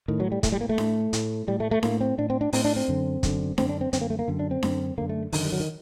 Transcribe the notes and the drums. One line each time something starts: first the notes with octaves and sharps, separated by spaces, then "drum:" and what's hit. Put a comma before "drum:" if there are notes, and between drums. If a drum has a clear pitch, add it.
A2 D#3
F#3
G3
A2 A3, drum: kick, hi-hat
G3
A#3
A3
A2, drum: snare D4
A2, drum: hi-hat
A2 G3
A3
A3
A2 A#3, drum: snare D4
C4
A2 D4
C4
D4
A2 C4, drum: open hi-hat
D4
C4
F#2 D3
F#2 D3, drum: kick, hi-hat
F#2 D3 C4, drum: snare D4
D4
C4
F#2 D3 C4, drum: hi-hat
A#3
A3
A#3
F#2 D3
D4
C4
F#2 D3, drum: snare D4
F#2 D3 A#3
A3
F#2 D3 D#3, drum: open hi-hat
G3
F#3
D#3